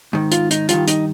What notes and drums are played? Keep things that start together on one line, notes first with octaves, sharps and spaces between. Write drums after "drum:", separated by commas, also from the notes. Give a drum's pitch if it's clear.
G#2 D#3
F4, drum: hi-hat
D#4, drum: hi-hat
G2 D#3 F4, drum: hi-hat
D#4, drum: hi-hat